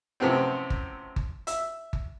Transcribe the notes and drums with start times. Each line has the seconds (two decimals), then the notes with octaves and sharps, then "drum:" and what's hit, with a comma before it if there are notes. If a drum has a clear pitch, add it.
0.20 F#2 A2 C3 F3 B3 C4
0.70 drum: kick G1
1.16 drum: kick G1
1.47 E5, drum: hi-hat
1.93 drum: kick G1